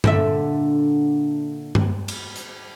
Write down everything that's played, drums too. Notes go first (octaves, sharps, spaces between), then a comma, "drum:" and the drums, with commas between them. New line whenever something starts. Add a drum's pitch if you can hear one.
A#2 D3 E5, drum: tom G2
drum: tom G2
drum: cymbal
drum: hi-hat